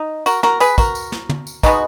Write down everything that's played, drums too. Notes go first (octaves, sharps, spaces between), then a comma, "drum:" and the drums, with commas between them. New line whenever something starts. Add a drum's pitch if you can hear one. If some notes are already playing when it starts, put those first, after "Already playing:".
Already playing: D#4
F#4 A#4, drum: tambourine
F#4 A#4, drum: snare
G#4 B4, drum: tambourine
F#4 A#4, drum: kick, tambourine
drum: tambourine
drum: snare
drum: tom
drum: tambourine
B2 G#3 B3 D#4 F#4, drum: kick, tambourine